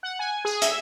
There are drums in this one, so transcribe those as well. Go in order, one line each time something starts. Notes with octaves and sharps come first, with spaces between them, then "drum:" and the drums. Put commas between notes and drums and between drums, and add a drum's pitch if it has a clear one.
F#5
G#5
G#4
E5, drum: hi-hat